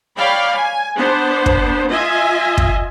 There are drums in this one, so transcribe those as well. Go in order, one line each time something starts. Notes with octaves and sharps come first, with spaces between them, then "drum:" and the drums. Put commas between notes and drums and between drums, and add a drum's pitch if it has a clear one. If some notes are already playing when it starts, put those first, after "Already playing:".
C#5 D5 F5 G5 B5
G#5
B3 D4 C5
drum: kick
F4 D#5 E5 G#5
drum: kick